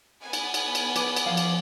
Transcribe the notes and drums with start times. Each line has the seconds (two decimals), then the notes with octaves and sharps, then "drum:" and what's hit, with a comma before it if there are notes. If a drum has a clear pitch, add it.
0.22 B3 G#5
0.33 drum: cymbal
0.54 drum: cymbal
0.75 drum: cymbal
0.96 B4 D6, drum: cymbal
1.16 drum: cymbal
1.26 F3 F5
1.37 drum: cymbal